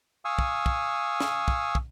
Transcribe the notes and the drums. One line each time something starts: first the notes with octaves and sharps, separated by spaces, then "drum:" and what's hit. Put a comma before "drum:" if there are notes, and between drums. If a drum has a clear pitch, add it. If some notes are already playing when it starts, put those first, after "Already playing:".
F5 G#5 C#6 D#6 E6
drum: kick
drum: kick
drum: snare
drum: kick
drum: kick